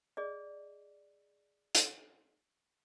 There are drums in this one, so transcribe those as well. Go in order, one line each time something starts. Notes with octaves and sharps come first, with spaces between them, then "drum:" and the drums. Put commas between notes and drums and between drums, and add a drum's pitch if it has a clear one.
G#4 D5 D#5
drum: hi-hat